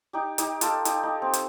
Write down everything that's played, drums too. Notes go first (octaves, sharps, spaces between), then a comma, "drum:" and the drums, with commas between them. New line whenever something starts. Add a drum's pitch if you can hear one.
D#4 G4
D#4 G4, drum: hi-hat
F4 A4, drum: hi-hat
D#4 G4, drum: hi-hat
D#4
C4
drum: hi-hat